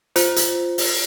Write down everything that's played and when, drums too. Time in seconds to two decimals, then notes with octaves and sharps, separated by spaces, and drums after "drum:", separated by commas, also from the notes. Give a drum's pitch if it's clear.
0.16 F4 C5, drum: hi-hat
0.36 drum: hi-hat
0.78 drum: open hi-hat